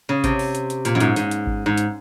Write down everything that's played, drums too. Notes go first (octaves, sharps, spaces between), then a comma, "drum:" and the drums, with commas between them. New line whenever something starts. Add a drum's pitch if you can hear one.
C#3
C3, drum: kick G#1, hi-hat
drum: open hi-hat
drum: hi-hat
drum: hi-hat
A#2, drum: hi-hat
F#2
G#2, drum: hi-hat
G#2, drum: hi-hat
drum: hi-hat
drum: kick G#1
G#2
drum: hi-hat